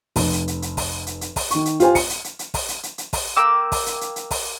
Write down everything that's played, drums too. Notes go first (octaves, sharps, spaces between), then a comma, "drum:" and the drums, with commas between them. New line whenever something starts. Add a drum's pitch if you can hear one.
F1, drum: kick, open hi-hat
drum: hi-hat
drum: hi-hat
drum: hi-hat
drum: kick, open hi-hat
drum: hi-hat
drum: hi-hat
drum: kick, open hi-hat
D#3 C#6, drum: hi-hat
drum: hi-hat
F4 G4 C5 G#5, drum: hi-hat
C#7, drum: kick, open hi-hat
drum: hi-hat
drum: hi-hat
drum: hi-hat
drum: kick, open hi-hat
drum: hi-hat
drum: hi-hat
drum: hi-hat
drum: kick, open hi-hat
A#3 G5 D6 E6
drum: kick, open hi-hat
drum: hi-hat
drum: hi-hat
drum: hi-hat
drum: kick, open hi-hat